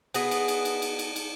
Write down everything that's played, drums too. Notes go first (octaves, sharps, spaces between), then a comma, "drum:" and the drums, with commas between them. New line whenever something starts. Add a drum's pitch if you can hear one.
B3 F#4 G#4 B4, drum: cymbal
drum: cymbal
drum: cymbal
drum: cymbal
drum: cymbal
drum: cymbal
drum: cymbal